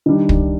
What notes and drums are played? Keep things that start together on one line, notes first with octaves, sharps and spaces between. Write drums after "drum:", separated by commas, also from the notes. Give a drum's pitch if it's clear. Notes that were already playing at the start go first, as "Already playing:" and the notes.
D#3 G3 D4
drum: kick